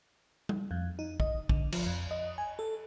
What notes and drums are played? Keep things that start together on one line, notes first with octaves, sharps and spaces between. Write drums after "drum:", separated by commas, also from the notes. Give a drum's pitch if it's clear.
drum: tom G3
F2
D#4
D#5, drum: kick
D3, drum: kick
F3, drum: cymbal
F2
D#5
G#5
A4